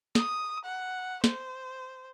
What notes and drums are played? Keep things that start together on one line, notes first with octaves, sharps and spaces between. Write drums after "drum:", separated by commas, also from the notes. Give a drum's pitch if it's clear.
D#6, drum: snare
F#5
C5, drum: snare